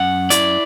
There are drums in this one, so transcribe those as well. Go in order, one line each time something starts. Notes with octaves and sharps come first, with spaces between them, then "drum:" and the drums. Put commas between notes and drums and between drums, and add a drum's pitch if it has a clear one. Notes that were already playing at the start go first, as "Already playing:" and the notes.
Already playing: F#2 F#5
E4 D5, drum: hi-hat